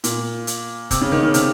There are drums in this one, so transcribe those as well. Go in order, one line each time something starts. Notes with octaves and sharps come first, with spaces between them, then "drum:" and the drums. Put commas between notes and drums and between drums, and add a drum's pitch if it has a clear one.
A#2, drum: hi-hat
drum: hi-hat
C3, drum: kick, hi-hat
C#3
D#3
C#3
C3, drum: hi-hat